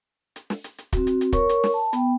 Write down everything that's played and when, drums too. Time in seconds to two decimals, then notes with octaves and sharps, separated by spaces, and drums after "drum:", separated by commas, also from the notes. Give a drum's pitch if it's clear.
0.36 drum: hi-hat
0.50 drum: snare
0.64 drum: hi-hat
0.78 drum: hi-hat
0.93 C4 F#4, drum: kick, hi-hat
1.07 drum: hi-hat
1.21 drum: hi-hat
1.33 A#4 C#5 C#6, drum: kick, hi-hat
1.49 drum: hi-hat
1.64 drum: snare
1.74 A5
1.93 B3 G5, drum: hi-hat